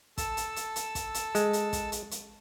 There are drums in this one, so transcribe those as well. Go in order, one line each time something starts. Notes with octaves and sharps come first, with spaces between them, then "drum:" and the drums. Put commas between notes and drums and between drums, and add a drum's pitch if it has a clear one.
A4 A5 E6, drum: kick, hi-hat
drum: hi-hat
drum: hi-hat
drum: hi-hat
drum: kick, hi-hat
drum: hi-hat
G#3, drum: hi-hat
drum: hi-hat
drum: kick, hi-hat
drum: hi-hat
drum: hi-hat